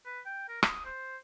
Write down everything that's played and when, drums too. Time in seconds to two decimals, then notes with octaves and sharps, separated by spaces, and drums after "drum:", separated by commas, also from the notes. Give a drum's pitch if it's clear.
0.06 B4
0.26 G5
0.49 A#4
0.63 D#6, drum: rim click
0.85 C5